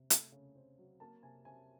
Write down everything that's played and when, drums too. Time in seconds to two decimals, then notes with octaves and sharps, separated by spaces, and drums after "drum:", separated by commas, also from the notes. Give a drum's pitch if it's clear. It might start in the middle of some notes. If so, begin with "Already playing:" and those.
Already playing: C3
0.10 A3, drum: hi-hat
0.32 C#3
0.56 C4
0.78 F#3
1.00 A#3 A5
1.23 C3 G#5
1.45 C3 G#5